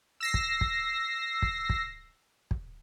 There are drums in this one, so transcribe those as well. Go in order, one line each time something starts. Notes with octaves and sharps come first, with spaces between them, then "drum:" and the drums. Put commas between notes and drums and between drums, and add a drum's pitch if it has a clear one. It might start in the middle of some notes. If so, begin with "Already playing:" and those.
E6 A#6 C7
drum: kick
drum: kick
drum: kick
drum: kick
drum: kick